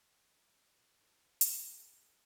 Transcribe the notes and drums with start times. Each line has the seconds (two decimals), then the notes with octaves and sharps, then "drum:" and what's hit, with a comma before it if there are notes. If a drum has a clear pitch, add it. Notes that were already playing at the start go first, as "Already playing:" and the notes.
0.99 E3 E4 A4 C5
1.41 C#4 D#4, drum: hi-hat
1.70 A4 G5 G#5